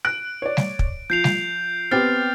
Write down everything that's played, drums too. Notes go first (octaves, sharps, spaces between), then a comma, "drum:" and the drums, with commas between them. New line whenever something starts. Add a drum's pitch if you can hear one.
F#6 D7
C#5 D5
drum: snare G3
drum: kick
F3 G6 C7 F7
drum: snare G3
B3 C4 G4 F6 A6 C7